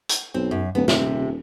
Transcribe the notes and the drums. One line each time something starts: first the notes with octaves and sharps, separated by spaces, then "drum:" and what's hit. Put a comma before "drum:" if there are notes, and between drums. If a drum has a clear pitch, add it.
drum: hi-hat
B1 C4
F#2
D1 B3
D#1 C3, drum: snare